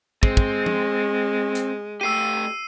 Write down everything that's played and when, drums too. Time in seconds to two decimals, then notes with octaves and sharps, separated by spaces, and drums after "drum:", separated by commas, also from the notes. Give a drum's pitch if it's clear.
0.23 G#3 C4, drum: kick
0.37 drum: kick
0.66 drum: tom F3
1.55 drum: hi-hat
2.01 A3 G4 E6 C7 D#7